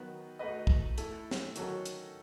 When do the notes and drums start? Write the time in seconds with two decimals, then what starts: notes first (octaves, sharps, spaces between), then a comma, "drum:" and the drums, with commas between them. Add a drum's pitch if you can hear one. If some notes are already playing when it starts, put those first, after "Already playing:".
Already playing: D#3 F#3 B3 F#4 B4
0.39 A3 D#4 F#4 B4 D#5
0.67 drum: kick
0.98 A3 E4 A4, drum: hi-hat
1.31 drum: snare
1.56 D#3 F#3 C#4 F#4 A4, drum: hi-hat
1.86 drum: hi-hat